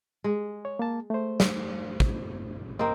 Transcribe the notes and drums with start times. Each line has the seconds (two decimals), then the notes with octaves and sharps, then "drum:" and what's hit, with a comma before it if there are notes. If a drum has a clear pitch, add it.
0.24 G#3
0.65 C#5
0.79 A#3 A5
1.10 A3 C5
1.40 drum: snare
2.00 drum: kick
2.79 A#3 C4 D#5